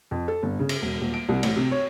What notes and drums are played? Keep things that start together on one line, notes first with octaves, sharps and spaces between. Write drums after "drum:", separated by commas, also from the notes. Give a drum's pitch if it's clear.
F2
A4
G1
C#3
drum: cymbal
E1
D#1
D7
C2
A1, drum: cymbal
C3
C#5